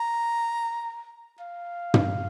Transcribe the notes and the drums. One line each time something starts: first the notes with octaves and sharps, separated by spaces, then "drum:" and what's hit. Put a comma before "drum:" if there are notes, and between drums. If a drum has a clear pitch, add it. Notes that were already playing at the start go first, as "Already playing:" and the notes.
Already playing: A#5
F5
drum: tom